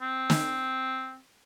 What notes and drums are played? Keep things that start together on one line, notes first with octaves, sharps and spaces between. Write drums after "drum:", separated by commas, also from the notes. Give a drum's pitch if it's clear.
C4
drum: snare